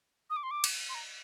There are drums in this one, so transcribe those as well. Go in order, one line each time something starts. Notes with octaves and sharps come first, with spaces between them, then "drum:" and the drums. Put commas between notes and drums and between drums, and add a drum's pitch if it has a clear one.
D#6
D6
C6
D6
drum: cymbal
C6
A#5